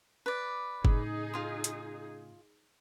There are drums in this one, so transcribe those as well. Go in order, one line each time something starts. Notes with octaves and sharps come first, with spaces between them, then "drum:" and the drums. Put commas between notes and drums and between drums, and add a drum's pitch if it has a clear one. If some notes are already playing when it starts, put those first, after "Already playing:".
B4 D5
A2 C#3 D#4 G#4, drum: kick F#1
F4 C6
drum: hi-hat